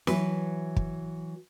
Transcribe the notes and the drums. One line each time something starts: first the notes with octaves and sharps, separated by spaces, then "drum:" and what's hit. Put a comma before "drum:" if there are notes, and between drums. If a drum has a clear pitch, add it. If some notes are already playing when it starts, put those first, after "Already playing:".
E3 F#3 B4, drum: snare
drum: kick